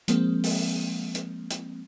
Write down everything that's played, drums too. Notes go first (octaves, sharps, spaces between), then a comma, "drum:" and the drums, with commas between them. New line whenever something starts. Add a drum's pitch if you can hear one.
F3 G#3 A#3 C4, drum: hi-hat
drum: open hi-hat
drum: hi-hat
drum: hi-hat